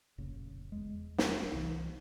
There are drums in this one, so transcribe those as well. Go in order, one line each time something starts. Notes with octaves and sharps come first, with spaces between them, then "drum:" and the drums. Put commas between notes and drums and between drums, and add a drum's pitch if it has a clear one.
F1 A#1 C#3
E2 G#3
drum: snare
C2 E3